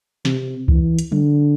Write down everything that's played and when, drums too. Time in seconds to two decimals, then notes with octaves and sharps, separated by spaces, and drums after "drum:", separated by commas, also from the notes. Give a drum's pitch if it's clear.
0.25 C3, drum: snare
0.68 E3, drum: kick
0.99 drum: hi-hat
1.12 D3, drum: tom F#3